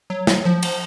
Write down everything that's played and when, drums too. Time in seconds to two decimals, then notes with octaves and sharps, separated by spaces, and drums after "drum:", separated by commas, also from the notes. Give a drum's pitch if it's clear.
0.10 F#3
0.27 drum: snare
0.45 F3
0.63 drum: cymbal